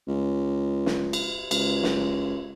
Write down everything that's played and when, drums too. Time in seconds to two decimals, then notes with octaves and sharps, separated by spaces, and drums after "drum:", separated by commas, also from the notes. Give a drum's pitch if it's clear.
0.08 C#2
0.86 drum: snare
1.13 drum: cymbal
1.51 C#2, drum: cymbal
1.83 drum: snare